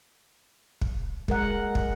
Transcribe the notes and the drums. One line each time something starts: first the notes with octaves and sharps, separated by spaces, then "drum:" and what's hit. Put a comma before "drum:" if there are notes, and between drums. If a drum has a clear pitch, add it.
drum: kick
G#3 A#4 F#5, drum: kick
drum: kick